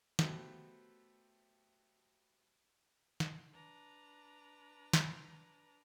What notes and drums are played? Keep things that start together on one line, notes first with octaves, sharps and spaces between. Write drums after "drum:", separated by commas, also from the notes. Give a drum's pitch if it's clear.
F#3 A3 B3 G4 A4 C5, drum: snare
drum: snare
D4 B4 A#5
drum: snare